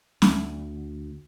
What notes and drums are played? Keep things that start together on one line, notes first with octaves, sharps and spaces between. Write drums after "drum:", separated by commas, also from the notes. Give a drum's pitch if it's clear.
D2, drum: snare